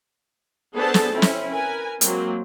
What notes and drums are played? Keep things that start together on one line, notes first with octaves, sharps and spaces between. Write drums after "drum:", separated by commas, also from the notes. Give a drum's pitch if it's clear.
B3 D4 G#4 A4 C5 A5
drum: snare
C4 C#4 E4
drum: snare
A#4 B4 G#5
F#3 G#3 A#3 C4, drum: hi-hat